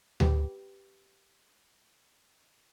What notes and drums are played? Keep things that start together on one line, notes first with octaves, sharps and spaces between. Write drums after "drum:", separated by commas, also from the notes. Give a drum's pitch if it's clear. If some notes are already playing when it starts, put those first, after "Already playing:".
G4 B4, drum: tom D2